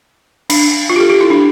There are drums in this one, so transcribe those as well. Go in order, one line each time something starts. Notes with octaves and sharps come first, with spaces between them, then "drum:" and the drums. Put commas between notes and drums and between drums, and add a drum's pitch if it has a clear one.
D4, drum: cymbal
F4
G4
A4
G4
E4
D4